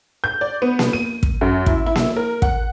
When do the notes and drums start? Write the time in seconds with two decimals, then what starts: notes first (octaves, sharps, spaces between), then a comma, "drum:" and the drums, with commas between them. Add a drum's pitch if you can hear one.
0.24 G6
0.41 D5
0.62 B3
0.79 drum: snare A#3
0.93 D#7
1.23 drum: kick
1.41 F#2
1.66 E4, drum: kick
1.86 E4
1.95 drum: snare A#3
2.16 A#4
2.42 F#5, drum: kick